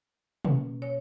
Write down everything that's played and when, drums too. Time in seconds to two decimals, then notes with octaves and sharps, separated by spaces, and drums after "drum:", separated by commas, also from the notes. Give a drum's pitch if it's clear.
0.45 B2 A#3 C#4, drum: tom
0.82 C#5